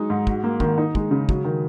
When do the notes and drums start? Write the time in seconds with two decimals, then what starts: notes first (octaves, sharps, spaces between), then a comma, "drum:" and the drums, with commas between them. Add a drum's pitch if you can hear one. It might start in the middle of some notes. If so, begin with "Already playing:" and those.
Already playing: F#3 G#3 D#4
0.10 G#2
0.27 F#4, drum: kick
0.44 A#3
0.60 D#3, drum: kick
0.78 D#4
0.95 G#3, drum: kick
1.11 C#3
1.29 F#3, drum: kick
1.45 D#3